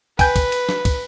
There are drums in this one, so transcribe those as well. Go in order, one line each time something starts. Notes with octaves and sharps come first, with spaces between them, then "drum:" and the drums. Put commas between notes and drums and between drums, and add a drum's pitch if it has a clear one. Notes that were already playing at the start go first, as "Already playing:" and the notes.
B4 G5 G#5 G6, drum: kick, cymbal
drum: kick, cymbal
drum: cymbal
drum: snare
drum: kick, cymbal